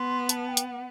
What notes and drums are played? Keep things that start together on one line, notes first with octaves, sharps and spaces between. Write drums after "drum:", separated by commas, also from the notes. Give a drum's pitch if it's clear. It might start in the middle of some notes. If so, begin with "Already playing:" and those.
Already playing: B3 C6
A5, drum: hi-hat
G5
drum: hi-hat
F#5